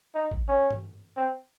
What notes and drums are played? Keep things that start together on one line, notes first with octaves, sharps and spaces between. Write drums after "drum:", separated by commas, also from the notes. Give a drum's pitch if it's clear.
D#4
drum: kick
C#4
drum: tom G2
C4